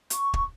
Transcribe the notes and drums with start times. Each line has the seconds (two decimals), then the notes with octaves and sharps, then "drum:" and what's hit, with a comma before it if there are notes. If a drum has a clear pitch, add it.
0.10 C#6, drum: hi-hat
0.34 drum: kick